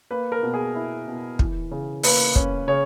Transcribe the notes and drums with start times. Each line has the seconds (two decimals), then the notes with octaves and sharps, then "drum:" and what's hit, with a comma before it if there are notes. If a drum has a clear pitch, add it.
0.11 A#3 B4
0.32 A#4
0.43 B2
0.54 G#4
0.75 E4
1.07 B2
1.39 E3, drum: kick
1.71 C#3
2.03 A#3 B4, drum: open hi-hat
2.36 C#4, drum: kick
2.68 C#3 C#5